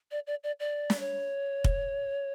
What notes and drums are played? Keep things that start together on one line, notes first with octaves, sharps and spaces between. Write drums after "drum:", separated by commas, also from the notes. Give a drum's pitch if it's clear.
D5
D5
D5
D5
drum: snare
C#5
drum: kick